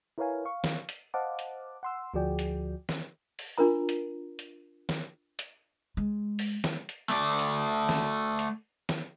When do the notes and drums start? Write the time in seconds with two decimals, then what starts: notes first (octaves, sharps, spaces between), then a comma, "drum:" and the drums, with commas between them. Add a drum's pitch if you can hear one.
0.18 E4 A#4 B4 C#5 F5 G#5
0.45 F5 C#6
0.64 drum: snare
0.89 drum: hi-hat
1.14 C5 D#5 F5 F#5 A5 D6
1.39 drum: hi-hat
1.83 F#5 C6 E6
2.14 D2 F3 F#4 G#4 D5 G5
2.39 drum: hi-hat
2.89 drum: snare
3.39 drum: open hi-hat
3.58 D4 F4 A#4 A#5
3.89 drum: hi-hat
4.39 drum: hi-hat
4.89 drum: snare
5.39 drum: hi-hat
5.97 G#3
6.39 drum: open hi-hat
6.64 drum: snare
6.89 drum: hi-hat
7.09 A3 D5
7.39 drum: hi-hat
7.89 drum: snare
8.39 drum: hi-hat
8.89 drum: snare